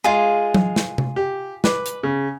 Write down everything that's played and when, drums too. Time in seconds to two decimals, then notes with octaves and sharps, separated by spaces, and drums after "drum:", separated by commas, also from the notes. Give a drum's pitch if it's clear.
0.04 G#3 F4 G#4 F5
0.54 drum: tom F#3
0.76 drum: snare
0.98 drum: tom C3
1.16 G4
1.64 B4 D6, drum: snare
1.86 drum: hi-hat
2.03 C#3